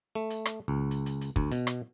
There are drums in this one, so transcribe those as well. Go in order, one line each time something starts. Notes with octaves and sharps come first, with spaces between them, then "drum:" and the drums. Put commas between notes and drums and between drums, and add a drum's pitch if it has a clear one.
A3
drum: hi-hat
drum: rim click
C#2
drum: hi-hat
drum: hi-hat
drum: hi-hat
D2, drum: kick
B2, drum: hi-hat
drum: rim click